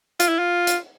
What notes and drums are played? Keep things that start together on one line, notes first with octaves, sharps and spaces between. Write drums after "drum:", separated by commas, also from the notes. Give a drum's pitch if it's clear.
F4, drum: hi-hat
E4
F4
drum: hi-hat